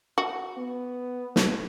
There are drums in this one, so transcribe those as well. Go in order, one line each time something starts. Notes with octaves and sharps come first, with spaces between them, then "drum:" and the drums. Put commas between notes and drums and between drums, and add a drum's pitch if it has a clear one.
F#4
B3
drum: snare